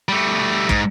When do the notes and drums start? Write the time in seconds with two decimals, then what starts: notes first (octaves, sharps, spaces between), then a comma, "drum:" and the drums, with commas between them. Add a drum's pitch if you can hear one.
0.09 G3 A3
0.69 G#2, drum: kick